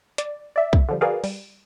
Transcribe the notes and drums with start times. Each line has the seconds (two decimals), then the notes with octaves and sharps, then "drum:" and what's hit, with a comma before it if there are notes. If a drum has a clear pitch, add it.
0.18 D5, drum: hi-hat
0.56 D5 E5
0.73 drum: kick
0.89 D3 F3 G3
1.01 F#4 G#4 A#4 B4 D5 F5
1.24 G3, drum: open hi-hat